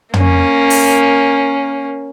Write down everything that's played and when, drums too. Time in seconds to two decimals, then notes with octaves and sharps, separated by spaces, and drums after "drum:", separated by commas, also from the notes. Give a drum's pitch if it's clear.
0.14 A#3 C#4, drum: tom
0.70 drum: open hi-hat